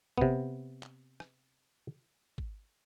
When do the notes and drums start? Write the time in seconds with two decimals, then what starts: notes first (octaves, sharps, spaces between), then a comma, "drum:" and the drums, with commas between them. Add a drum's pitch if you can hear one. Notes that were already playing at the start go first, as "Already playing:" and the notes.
0.18 C3 B3, drum: kick
0.83 drum: clap
1.20 drum: rim click
2.38 drum: kick